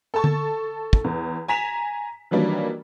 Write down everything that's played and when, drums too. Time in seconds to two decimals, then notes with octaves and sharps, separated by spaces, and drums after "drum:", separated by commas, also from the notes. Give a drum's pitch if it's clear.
0.14 A4 A5 C#6
0.24 drum: tom D3
0.93 drum: kick
1.04 E2
1.48 G#5 A#5 B6 E7 F7
2.31 D#3 E3 F#3 G3 A#3 D4